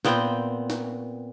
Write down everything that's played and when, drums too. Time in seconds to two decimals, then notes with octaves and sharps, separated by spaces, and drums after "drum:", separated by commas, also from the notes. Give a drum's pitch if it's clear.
0.05 A#2 B3 C4 G5, drum: snare
0.70 drum: snare